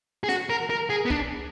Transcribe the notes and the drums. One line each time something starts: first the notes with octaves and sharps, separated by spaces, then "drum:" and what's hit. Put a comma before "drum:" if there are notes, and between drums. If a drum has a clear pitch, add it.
G#4
F#4, drum: snare
A#4
A#4
G#4
B3
D4, drum: kick